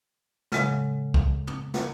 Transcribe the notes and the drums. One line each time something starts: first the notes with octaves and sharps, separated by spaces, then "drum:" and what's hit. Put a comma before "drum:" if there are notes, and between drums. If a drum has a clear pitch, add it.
A2 C#3 F#3 G#3, drum: snare
drum: kick
drum: tom
drum: snare